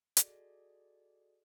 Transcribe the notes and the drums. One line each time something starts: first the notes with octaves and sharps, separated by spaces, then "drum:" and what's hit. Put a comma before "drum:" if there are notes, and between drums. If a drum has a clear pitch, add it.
F#4 G#4 A4 D5 D#5, drum: hi-hat